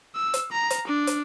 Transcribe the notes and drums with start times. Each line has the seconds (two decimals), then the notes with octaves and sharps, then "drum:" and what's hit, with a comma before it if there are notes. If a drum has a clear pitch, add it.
0.15 E6
0.34 drum: hi-hat
0.52 A#5
0.70 drum: hi-hat
0.87 D4
1.07 drum: hi-hat